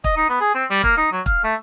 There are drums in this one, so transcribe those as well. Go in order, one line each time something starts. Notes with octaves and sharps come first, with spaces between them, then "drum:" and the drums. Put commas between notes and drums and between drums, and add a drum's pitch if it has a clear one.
D#5, drum: kick
D#4
B3
G#4
C4
G3
A#3, drum: kick
D#4
F#3
F5, drum: kick
A3